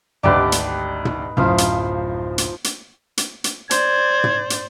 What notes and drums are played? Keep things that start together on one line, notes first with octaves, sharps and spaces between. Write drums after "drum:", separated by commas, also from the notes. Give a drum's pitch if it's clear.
G#1 D2 D4 D#4 G4 B4 D5
drum: hi-hat
drum: tom
D1 F#2 F3 E4 C5 F5 D#6
drum: hi-hat
drum: hi-hat
drum: hi-hat
drum: hi-hat
drum: hi-hat
C5 D5 G#6, drum: hi-hat
drum: tom
drum: hi-hat